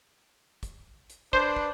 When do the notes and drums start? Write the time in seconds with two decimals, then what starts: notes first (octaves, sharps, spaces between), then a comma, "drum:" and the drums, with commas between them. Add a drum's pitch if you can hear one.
0.63 drum: kick, hi-hat
1.10 drum: hi-hat
1.33 D4 B4 C5, drum: kick
1.56 drum: kick